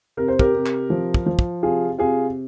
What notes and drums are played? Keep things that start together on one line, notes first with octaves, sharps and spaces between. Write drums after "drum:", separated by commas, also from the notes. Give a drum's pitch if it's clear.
C3 A#4
C5
G4 A#4, drum: kick
C3
drum: clap
F3
drum: kick
F3
drum: kick
C3 F4 G#4
C3 F4 G#4